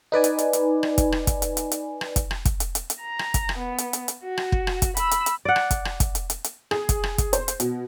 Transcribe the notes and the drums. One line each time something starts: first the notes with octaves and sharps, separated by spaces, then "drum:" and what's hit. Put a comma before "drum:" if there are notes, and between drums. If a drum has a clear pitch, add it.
D#4 B4 D5 G#5
drum: hi-hat
drum: hi-hat
drum: hi-hat
drum: rim click
drum: kick, hi-hat
drum: rim click
drum: kick, hi-hat
drum: hi-hat
drum: hi-hat
drum: hi-hat
drum: rim click
drum: kick, hi-hat
drum: rim click
drum: kick, hi-hat
drum: hi-hat
drum: hi-hat
drum: hi-hat
A#5
drum: rim click
drum: kick, hi-hat
drum: rim click
B3
drum: hi-hat
drum: hi-hat
drum: hi-hat
F#4
drum: rim click
drum: kick
drum: rim click
drum: kick, hi-hat
B5 E6, drum: hi-hat
drum: hi-hat
drum: hi-hat
D5 F#5
drum: rim click
drum: kick, hi-hat
drum: rim click
drum: kick, hi-hat
drum: hi-hat
drum: hi-hat
drum: hi-hat
G#4, drum: rim click
drum: kick, hi-hat
drum: rim click
drum: kick, hi-hat
C5, drum: hi-hat
drum: hi-hat
B2, drum: hi-hat